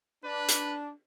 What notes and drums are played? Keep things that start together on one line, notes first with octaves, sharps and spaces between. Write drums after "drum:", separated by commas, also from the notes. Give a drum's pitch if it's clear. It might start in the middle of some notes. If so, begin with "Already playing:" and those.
D4 B4
drum: hi-hat